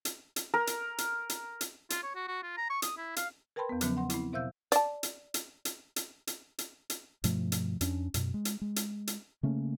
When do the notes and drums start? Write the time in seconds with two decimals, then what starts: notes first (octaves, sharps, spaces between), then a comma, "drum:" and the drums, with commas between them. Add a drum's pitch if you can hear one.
0.05 drum: hi-hat
0.36 drum: hi-hat
0.54 A#4
0.67 drum: hi-hat
0.98 drum: hi-hat
1.30 drum: hi-hat
1.61 drum: hi-hat
1.90 F4, drum: hi-hat
2.03 C#5
2.15 F#4
2.28 F#4
2.43 F4
2.57 A#5
2.70 C#6
2.82 D#6, drum: hi-hat
2.97 E4
3.16 F5, drum: hi-hat
3.56 A#4 B4 G5 A5 B5 C6
3.69 E2 B3
3.81 C#3 F3 F#3 B3 C#4, drum: hi-hat
3.97 F#5 C6
4.10 C4 E4, drum: hi-hat
4.33 B2 C5 E5 F5 E6 G6
4.72 D5 A5, drum: hi-hat
5.03 drum: hi-hat
5.34 drum: hi-hat
5.65 drum: hi-hat
5.96 drum: hi-hat
6.27 drum: hi-hat
6.59 drum: hi-hat
6.90 drum: hi-hat
7.24 G2 B2 F3 A3, drum: hi-hat
7.52 drum: hi-hat
7.81 F2 C#4 D4, drum: hi-hat
8.14 F#2 B2, drum: hi-hat
8.34 G#3
8.45 drum: hi-hat
8.61 G#3
8.76 drum: hi-hat
9.07 drum: hi-hat
9.43 C#3 A3 A#3 C#4